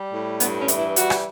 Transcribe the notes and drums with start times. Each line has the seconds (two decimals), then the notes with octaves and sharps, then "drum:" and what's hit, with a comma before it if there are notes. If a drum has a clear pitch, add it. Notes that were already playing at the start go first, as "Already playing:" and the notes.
Already playing: G3
0.13 A2
0.40 G2 B3, drum: hi-hat
0.60 C#4
0.68 E3, drum: hi-hat
0.78 E4
0.96 G3 F#4, drum: hi-hat
1.10 drum: rim click